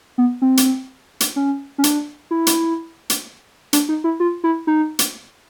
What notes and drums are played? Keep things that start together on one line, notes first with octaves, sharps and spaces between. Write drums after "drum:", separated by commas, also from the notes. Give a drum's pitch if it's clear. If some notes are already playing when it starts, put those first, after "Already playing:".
B3
C4
drum: hi-hat
drum: hi-hat
C#4
C#4
D4, drum: hi-hat
E4
drum: hi-hat
drum: hi-hat
D4, drum: hi-hat
D#4
E4
F4
E4
D#4
drum: hi-hat